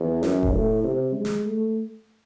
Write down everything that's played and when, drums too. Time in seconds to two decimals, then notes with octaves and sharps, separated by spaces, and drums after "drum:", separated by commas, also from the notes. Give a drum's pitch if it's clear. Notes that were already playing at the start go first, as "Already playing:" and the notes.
Already playing: E2
0.23 F#2, drum: snare
0.43 drum: kick D#1
0.53 A2
0.84 C3
1.14 G#3
1.25 drum: snare
1.45 A3